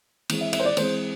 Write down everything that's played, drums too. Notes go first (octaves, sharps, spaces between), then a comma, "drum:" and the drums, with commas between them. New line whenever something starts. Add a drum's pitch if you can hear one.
E3 G#3 C4, drum: cymbal
E5
E5, drum: cymbal
C5
D5
E3 G#3 C4 C5, drum: cymbal